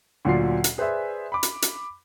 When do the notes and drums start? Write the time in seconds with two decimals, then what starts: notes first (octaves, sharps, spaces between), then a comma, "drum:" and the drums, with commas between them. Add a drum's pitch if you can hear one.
0.25 D2 A#2 F#3 F4 D5 C7
0.64 drum: hi-hat
0.78 G#4 B4 C5 D5 E5 G#5
1.32 B5 D6
1.43 drum: hi-hat
1.62 drum: hi-hat